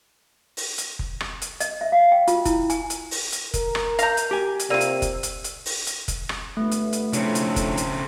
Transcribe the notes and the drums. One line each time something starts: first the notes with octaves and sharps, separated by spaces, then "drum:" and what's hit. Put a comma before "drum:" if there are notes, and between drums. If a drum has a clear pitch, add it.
drum: open hi-hat
drum: hi-hat
drum: kick F1
drum: rim click
drum: hi-hat
D#5, drum: hi-hat
E5
F5
G5
F4, drum: hi-hat
E4, drum: kick F1, hi-hat
G#5, drum: hi-hat
drum: hi-hat
drum: open hi-hat
drum: hi-hat
A#4, drum: kick F1, hi-hat
drum: rim click
F5 A#5 G6 A#6, drum: hi-hat
drum: hi-hat
G4 G#5
drum: hi-hat
C3 A#3 F4 D5 E6 D#7
drum: hi-hat
drum: kick F1, hi-hat
drum: hi-hat
drum: hi-hat
drum: open hi-hat
drum: hi-hat
drum: kick F1, hi-hat
drum: rim click
G1 A3 B3
drum: hi-hat
drum: hi-hat
C#3 F3 C4 D4 E4 A4 C#5, drum: hi-hat
drum: hi-hat
drum: kick F1, hi-hat
drum: hi-hat